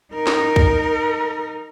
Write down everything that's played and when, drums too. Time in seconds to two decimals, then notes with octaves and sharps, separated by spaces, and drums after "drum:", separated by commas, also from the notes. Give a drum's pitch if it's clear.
0.14 D#4 A#4
0.27 drum: snare
0.56 drum: kick